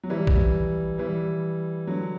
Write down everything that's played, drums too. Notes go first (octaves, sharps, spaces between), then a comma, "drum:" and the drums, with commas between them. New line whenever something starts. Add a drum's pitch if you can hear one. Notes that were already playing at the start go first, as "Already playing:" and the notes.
F#3
E3 G3
drum: kick A#1
E3 G3
D3 F#3